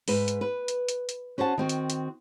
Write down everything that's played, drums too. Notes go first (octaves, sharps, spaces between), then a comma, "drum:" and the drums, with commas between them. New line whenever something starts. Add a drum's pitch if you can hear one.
G#2 B4, drum: open hi-hat
drum: hi-hat
B4
drum: hi-hat
drum: hi-hat
drum: hi-hat
C#4 F#4 C5 F#5 A5
D#3 C4 F#4
drum: hi-hat
drum: hi-hat